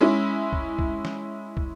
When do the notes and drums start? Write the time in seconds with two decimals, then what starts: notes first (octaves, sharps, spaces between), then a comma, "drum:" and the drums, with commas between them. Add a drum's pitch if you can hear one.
0.01 G#3 C#4 E4
0.53 drum: kick
0.79 drum: kick
1.05 drum: snare
1.57 drum: kick